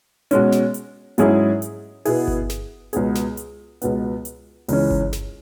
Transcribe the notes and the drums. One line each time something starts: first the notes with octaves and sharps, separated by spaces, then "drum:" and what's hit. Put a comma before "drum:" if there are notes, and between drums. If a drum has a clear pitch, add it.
B2 G#3 C#4, drum: hi-hat
drum: snare
drum: hi-hat
G#2 F#3 C#4 E4 G#4, drum: hi-hat
drum: hi-hat
B2 B3 E4 G#4, drum: open hi-hat
drum: kick G1
drum: snare
C#2 B2 B3 G#4, drum: hi-hat
drum: snare
drum: hi-hat
C#2 B2 B3, drum: hi-hat
drum: hi-hat
C#2 C#3 E3 C#4, drum: open hi-hat
drum: kick G1
drum: snare